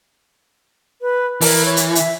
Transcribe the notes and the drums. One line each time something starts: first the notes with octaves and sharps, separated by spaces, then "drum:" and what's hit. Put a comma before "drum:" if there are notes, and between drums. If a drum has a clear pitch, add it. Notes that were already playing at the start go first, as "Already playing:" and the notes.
B4
E3 A#4, drum: open hi-hat
C#5
drum: hi-hat
E5, drum: hi-hat